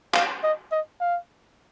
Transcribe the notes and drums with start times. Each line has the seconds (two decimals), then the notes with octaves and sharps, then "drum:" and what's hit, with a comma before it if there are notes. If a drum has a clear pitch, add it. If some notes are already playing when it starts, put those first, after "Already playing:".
0.14 F5, drum: clap
0.43 D#5
0.72 D#5
1.00 F5